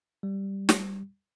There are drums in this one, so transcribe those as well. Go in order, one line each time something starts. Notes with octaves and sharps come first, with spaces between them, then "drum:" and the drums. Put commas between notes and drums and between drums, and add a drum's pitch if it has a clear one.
G3
drum: snare